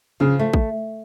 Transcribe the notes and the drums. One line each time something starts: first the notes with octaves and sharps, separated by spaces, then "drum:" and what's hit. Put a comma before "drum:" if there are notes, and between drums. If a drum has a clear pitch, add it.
C#3 F3
A3
drum: kick